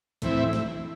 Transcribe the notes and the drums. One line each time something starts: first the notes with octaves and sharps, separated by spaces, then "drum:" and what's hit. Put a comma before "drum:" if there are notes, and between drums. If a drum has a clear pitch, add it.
A2 E3 C4 E4, drum: kick, hi-hat
drum: snare